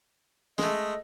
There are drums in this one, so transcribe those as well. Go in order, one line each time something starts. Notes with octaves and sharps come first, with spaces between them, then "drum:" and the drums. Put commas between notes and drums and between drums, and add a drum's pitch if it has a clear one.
G#3 A3 D#5, drum: snare